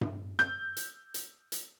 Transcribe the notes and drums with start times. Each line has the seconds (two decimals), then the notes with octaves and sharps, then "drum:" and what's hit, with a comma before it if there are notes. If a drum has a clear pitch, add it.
0.01 drum: tom G2
0.39 G6, drum: rim click
0.77 drum: hi-hat
1.14 drum: hi-hat
1.52 drum: hi-hat